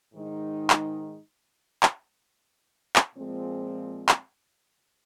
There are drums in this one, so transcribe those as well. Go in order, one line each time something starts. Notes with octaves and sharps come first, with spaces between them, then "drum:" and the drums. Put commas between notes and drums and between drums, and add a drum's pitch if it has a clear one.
G#2 D#3 G#3 D#4
drum: clap
drum: clap
drum: clap
A#2 F3 G#3 C4 G#4
drum: clap